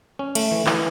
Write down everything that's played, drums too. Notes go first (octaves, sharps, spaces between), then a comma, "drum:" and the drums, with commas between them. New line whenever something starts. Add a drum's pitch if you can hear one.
C#4
A3, drum: cymbal
E3
E3, drum: clap